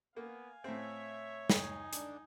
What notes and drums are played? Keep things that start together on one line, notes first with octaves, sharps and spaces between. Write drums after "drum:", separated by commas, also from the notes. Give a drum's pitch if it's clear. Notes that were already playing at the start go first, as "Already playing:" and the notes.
A#3 B3 F5 G#5
A2 C4 C#5 E5
D#4 G#5, drum: snare
D3 D4, drum: hi-hat